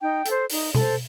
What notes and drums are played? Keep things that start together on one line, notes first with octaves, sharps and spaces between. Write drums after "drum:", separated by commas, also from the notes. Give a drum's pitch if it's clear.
D#4 G5
A4 C5, drum: hi-hat
D#4, drum: open hi-hat
A4 C5, drum: tom B2